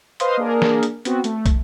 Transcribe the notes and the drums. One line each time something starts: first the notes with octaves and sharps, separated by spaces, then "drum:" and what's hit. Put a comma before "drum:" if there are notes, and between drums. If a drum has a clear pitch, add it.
B4 C5 D#5 F5 C6 D#6, drum: hi-hat
A#3 D4 G#4 A#4
drum: snare
drum: hi-hat
B3 C4 F#4, drum: hi-hat
A3, drum: hi-hat
drum: kick, hi-hat